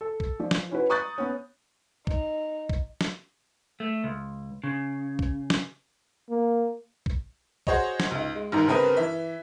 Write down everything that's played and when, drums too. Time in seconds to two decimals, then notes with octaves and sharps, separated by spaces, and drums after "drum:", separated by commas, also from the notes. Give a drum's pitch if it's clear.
0.01 A4
0.20 drum: kick
0.40 F3 D5
0.51 drum: snare
0.71 C#4 E4 F#4 B4
0.89 A#5 C#6 D#6 F#6 G6 A6
1.18 B3 C#4
2.07 D#4, drum: kick
2.69 drum: kick
3.01 drum: snare
3.80 A3
4.04 C#2
4.64 C#3
5.19 drum: kick
5.50 drum: snare
6.29 A#3
7.06 drum: kick
7.67 F#4 G#4 C5 C#5 D#5, drum: kick
8.00 drum: snare
8.11 C#2 D#4
8.35 G#3
8.52 A1 G#2 D#3 A#5
8.67 G2 C#3 C4 A#4 B4 D#6
8.97 E3 E5